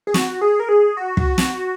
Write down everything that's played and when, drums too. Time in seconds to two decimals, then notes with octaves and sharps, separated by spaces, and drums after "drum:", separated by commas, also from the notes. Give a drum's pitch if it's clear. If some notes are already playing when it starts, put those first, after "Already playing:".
0.07 G#4
0.14 F#4, drum: snare
0.41 G#4
0.60 A#4
0.69 G#4
0.97 F#4
1.17 drum: kick
1.38 drum: snare